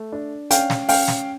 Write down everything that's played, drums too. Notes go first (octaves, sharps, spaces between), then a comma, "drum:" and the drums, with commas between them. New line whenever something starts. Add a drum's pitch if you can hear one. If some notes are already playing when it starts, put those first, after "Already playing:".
Already playing: A3
D4
C#4 F5 G5, drum: hi-hat
drum: snare
C#4 F5 G5, drum: open hi-hat
drum: snare